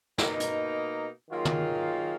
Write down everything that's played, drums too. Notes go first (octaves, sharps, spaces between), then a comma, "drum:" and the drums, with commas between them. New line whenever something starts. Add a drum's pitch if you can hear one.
B2 A#3 D#4, drum: snare
drum: hi-hat
D#3 F#3 A#3 F4 G#4
drum: tom